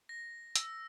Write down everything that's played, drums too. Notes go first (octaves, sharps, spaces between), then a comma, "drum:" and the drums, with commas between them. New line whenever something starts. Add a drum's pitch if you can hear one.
A#6
E6, drum: hi-hat